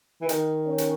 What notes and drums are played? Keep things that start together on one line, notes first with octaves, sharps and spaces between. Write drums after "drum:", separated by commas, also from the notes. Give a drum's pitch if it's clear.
E3
D#3, drum: hi-hat
C#4
drum: hi-hat